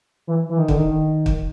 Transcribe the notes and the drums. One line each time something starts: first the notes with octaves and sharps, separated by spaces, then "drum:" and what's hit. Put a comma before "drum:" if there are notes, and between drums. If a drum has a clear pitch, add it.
E3
E3
D#3
D3, drum: kick
D#3
drum: kick